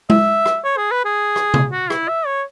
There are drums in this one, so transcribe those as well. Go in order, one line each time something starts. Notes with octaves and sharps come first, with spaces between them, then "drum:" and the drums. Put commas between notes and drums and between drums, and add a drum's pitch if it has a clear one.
E5, drum: tom G#3
drum: rim click
C#5
G#4
B4
G#4
drum: rim click
drum: tom C3
F#4
E4, drum: rim click
E5
C#5